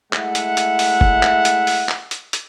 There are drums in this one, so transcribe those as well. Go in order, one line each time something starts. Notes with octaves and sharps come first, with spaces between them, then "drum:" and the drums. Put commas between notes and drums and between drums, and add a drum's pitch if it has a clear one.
G#3 A3 E4 E5 F#5, drum: clap
drum: hi-hat
drum: hi-hat
drum: open hi-hat
drum: kick
drum: clap
drum: hi-hat
drum: open hi-hat
drum: clap
drum: hi-hat
drum: hi-hat